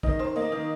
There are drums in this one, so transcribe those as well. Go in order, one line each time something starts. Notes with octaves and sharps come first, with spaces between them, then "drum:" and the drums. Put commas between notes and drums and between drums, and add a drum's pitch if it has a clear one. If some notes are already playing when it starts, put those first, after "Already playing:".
D#3 D#5, drum: kick
D#3 C5
A#3 D#5
D#3